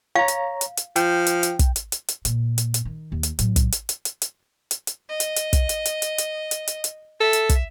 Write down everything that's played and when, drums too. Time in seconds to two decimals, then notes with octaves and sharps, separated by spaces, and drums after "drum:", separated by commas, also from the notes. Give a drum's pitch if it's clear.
0.16 C#5 F5 A#5
0.28 drum: hi-hat
0.61 drum: hi-hat
0.77 drum: hi-hat
0.96 F3 G5, drum: hi-hat
1.27 drum: hi-hat
1.43 drum: hi-hat
1.59 drum: kick, hi-hat
1.76 drum: hi-hat
1.92 drum: hi-hat
2.08 drum: hi-hat
2.25 A#2, drum: hi-hat
2.58 drum: hi-hat
2.74 drum: hi-hat
2.85 D#3
3.12 D#2
3.23 drum: hi-hat
3.39 A2 F#3, drum: hi-hat
3.56 drum: kick, hi-hat
3.72 drum: hi-hat
3.89 drum: hi-hat
4.05 drum: hi-hat
4.22 drum: hi-hat
4.71 drum: hi-hat
4.87 drum: hi-hat
5.10 D#5
5.20 drum: hi-hat
5.36 drum: hi-hat
5.53 drum: kick, hi-hat
5.69 drum: hi-hat
5.86 drum: hi-hat
6.02 drum: hi-hat
6.18 drum: hi-hat
6.51 drum: hi-hat
6.67 drum: hi-hat
6.84 drum: hi-hat
7.20 A4 E5
7.33 drum: hi-hat
7.49 drum: kick, hi-hat